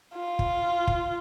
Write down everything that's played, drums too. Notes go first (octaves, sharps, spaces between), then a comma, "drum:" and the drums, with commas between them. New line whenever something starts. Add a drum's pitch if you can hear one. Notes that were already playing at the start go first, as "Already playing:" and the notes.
F4
drum: kick
drum: kick